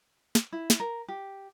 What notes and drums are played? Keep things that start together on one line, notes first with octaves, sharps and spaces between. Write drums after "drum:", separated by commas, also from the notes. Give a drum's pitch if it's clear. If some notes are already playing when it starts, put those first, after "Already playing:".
drum: snare
E4
drum: snare
A#4
G4